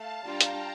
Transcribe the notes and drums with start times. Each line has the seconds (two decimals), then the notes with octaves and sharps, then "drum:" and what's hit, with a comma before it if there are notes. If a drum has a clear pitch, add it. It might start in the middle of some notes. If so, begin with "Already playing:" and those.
Already playing: A3 F5 A5
0.24 G3 D4 F4 G5 A#5
0.41 drum: hi-hat